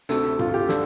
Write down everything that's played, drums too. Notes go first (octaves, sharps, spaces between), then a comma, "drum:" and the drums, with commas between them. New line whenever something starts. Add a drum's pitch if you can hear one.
D2 C3 A3 A4, drum: hi-hat
F4, drum: tom G2
F4
G4
D3 A4, drum: snare